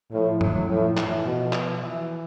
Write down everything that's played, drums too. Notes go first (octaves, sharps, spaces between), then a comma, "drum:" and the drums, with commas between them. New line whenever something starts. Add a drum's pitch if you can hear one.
A2 F3
F#3, drum: tom
A2 F3
E3, drum: clap
B2 F3
drum: clap
E3